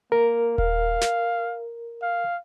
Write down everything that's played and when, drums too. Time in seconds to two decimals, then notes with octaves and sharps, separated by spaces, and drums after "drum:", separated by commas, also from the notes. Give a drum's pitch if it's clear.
0.12 A#3 A#4
0.58 F5, drum: kick D#1
1.02 drum: snare
2.02 F5